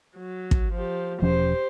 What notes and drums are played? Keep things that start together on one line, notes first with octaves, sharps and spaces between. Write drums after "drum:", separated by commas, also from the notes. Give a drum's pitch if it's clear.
F#3
drum: kick
F3 G4
E1 F3 C#4 G4 C5